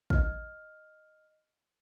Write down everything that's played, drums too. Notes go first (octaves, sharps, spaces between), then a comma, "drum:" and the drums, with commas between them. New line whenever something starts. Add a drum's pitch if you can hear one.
D#5 F6, drum: kick